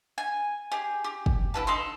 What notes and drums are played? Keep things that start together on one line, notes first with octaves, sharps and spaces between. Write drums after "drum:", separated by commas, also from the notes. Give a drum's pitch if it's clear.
G#5
G4 G#4
G4
drum: kick
E4 B4 A5
D#4 A4 C6